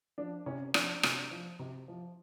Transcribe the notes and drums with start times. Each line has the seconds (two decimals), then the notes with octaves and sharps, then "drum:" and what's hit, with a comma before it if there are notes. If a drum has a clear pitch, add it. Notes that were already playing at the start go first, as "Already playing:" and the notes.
0.18 F3 D4
0.46 C3 C#4
0.74 F3 D4, drum: rim click
1.03 C3, drum: rim click
1.31 F3
1.59 C3
1.88 F3